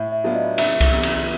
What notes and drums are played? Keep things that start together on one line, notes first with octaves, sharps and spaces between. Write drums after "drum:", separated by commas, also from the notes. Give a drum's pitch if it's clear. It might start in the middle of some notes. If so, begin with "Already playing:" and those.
Already playing: A2 E5
E5
F#3 B3 D4 F4
D#5
F#1 E5, drum: cymbal
drum: kick C2, cymbal
E2 C3
drum: cymbal